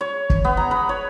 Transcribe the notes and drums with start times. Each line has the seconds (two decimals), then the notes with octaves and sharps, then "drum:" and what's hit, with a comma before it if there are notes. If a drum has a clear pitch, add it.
0.01 C#5
0.30 drum: kick
0.44 B3
0.57 A#5
0.71 B4
0.89 C#5